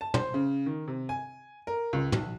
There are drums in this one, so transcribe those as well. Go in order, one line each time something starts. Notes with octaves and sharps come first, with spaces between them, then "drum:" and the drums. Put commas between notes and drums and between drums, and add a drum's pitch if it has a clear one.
A5
C5, drum: tom
C#3
D#3
C3
G#5
A#4
C#2
B1, drum: tom